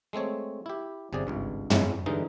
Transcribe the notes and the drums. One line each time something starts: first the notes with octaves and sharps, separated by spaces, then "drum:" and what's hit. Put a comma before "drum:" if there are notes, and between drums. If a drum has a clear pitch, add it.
G#3 A3 C4 C#5
E4 G4
G1 C3 G#4 D5
G#1 C#2 G2
G#3 C#4 E4, drum: tom
G2 D3 E3 G#3 D#4